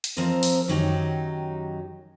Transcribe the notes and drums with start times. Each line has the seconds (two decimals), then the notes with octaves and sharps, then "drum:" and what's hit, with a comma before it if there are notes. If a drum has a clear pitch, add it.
0.04 drum: hi-hat
0.17 F3 C4 A4 A#4 D#5
0.43 drum: open hi-hat
0.68 F#2 D#3 F#3 D#4 G4